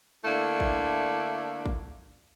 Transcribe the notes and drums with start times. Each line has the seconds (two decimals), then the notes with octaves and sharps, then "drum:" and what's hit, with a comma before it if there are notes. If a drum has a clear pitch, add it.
0.25 D3 A3 A#3 D4 E4
0.60 drum: kick
1.66 drum: kick